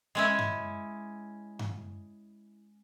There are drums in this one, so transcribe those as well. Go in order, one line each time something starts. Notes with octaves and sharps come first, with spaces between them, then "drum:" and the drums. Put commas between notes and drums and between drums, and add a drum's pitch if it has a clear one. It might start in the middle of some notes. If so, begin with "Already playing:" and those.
G#3 C#4 E4
drum: tom G2
drum: tom G2